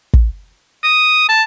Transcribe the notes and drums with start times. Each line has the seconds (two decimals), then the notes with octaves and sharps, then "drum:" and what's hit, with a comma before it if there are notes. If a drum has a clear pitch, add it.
0.13 drum: kick
0.84 D#6
1.29 A5